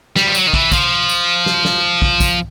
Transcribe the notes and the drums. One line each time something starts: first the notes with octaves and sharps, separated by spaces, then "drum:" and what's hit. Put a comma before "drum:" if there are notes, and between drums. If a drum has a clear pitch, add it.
G3, drum: snare
F3
F#3, drum: tambourine
D#3
E3, drum: kick
F3, drum: kick, tambourine
drum: tambourine
drum: snare
drum: snare
drum: kick
drum: kick, tambourine